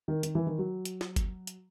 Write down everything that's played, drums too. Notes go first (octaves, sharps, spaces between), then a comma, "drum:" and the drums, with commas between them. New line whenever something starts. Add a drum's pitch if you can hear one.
D#3
D#3, drum: hi-hat
E3
D#3
F#3
drum: hi-hat
drum: snare
drum: kick G1, hi-hat
drum: hi-hat